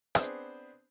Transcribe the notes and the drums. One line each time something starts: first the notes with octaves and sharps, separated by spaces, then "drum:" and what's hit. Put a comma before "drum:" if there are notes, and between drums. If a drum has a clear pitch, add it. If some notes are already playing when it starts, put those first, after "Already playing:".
B3 C4 D4 G#4 B4 C5, drum: rim click